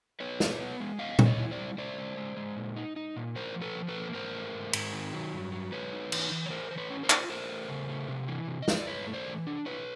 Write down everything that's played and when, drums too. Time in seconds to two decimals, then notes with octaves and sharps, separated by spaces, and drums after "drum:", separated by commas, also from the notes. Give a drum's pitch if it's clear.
0.20 B3 B4 C#5
0.40 B2, drum: snare
0.60 B3
0.80 G#3
0.99 B3 D#5 F5
1.19 E3, drum: tom A#2
1.25 C#5 D#5
1.39 E4
1.51 C5 D5
1.58 G3
1.78 G#3 C5 D5
1.98 G#3
2.17 G#3
2.37 G#3
2.57 A#2
2.76 D#4
2.96 D#4
3.16 A#2
3.36 A2 A#4 C5
3.55 F3
3.62 A4 B4
3.76 F3
3.88 A4 B4
3.95 A#3
4.14 G#2 A#4 C5
4.34 A3
4.54 G#2
4.73 G#2, drum: cymbal
4.93 D#3
5.13 F#3
5.33 G2
5.52 F#3
5.72 G#3 B4 C#5
5.92 D#4
6.12 E3, drum: cymbal
6.31 E3
6.46 C#5
6.50 A3 A#4 C5
6.71 E3 C5
6.78 B4 C#5
6.90 C#4
7.03 A#4 C5
7.10 F4, drum: clap
7.29 A3 A#4 C5
7.49 A3
7.69 C#3
7.89 A3
8.08 C3
8.28 E3
8.48 C3
8.62 D#5
8.68 E3, drum: snare
8.75 D5
8.87 G2 B4 C#5
9.07 A3
9.14 C5 D5
9.27 E3
9.47 D4
9.66 E4 B4 C#5